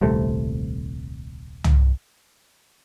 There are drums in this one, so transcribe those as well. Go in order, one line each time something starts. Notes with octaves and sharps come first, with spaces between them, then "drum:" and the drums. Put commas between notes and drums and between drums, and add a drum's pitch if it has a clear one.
D#1 C2 C3 A3
drum: tom